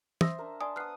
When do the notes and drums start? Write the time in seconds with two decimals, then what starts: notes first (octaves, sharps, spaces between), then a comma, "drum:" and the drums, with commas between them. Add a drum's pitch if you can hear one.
0.21 C5 E5 D#6 E6 A#6, drum: tom
0.39 D4 A#4
0.61 D5 G#5 A5 C6 D#6
0.76 B3 D#6 F6 F#6 C7